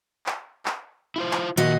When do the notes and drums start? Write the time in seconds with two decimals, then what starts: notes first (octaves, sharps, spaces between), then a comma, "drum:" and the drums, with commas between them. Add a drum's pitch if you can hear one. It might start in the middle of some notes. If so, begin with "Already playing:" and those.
0.26 drum: clap
0.66 drum: clap
1.16 E4 F4 C5
1.31 drum: clap
1.57 A#2 D#3 F3 F#4 D#5